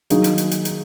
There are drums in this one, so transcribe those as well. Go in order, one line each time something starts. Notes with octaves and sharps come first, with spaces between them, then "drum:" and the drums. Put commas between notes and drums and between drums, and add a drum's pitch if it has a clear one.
D#3 F#3 A#3 D#4 G#4, drum: hi-hat
drum: hi-hat
drum: hi-hat
drum: hi-hat
drum: hi-hat